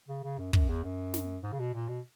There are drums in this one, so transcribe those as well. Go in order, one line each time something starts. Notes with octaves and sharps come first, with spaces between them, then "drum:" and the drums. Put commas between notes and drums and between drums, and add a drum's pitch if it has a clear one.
C#3
C#3
F#2
F#2, drum: kick
E2
F#2
drum: snare
G#2
C#3
B2
A#2
B2